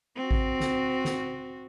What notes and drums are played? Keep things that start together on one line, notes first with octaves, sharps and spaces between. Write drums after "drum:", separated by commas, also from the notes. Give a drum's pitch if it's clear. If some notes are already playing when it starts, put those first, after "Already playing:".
C4 F#4
drum: kick A1
drum: snare
drum: snare